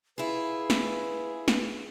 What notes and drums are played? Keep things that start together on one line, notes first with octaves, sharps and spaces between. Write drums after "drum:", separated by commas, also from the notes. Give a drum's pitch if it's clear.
E4 F4 G#4 B4
drum: snare
drum: snare